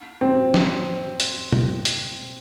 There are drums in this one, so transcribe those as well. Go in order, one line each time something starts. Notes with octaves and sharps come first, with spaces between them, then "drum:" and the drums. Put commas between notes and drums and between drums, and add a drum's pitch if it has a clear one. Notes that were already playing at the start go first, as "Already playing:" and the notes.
C4
drum: snare
drum: hi-hat
drum: tom
drum: hi-hat